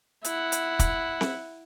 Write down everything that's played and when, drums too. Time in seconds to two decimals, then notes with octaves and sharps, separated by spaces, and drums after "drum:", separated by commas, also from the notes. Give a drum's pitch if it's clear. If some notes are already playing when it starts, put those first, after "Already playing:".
0.24 E4 F#5, drum: hi-hat
0.52 drum: hi-hat
0.79 drum: kick, hi-hat
1.21 drum: snare C4